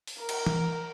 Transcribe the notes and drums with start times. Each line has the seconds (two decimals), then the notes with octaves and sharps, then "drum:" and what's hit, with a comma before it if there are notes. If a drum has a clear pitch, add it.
0.07 drum: open hi-hat
0.20 A#4
0.29 drum: cymbal
0.46 drum: tom E3